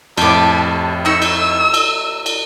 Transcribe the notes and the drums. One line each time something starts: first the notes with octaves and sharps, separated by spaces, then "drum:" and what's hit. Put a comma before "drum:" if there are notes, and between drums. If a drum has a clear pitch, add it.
F2 A2 G4 A5 D6, drum: cymbal
A3 D#4 C#6 E6
drum: cymbal
drum: cymbal
drum: cymbal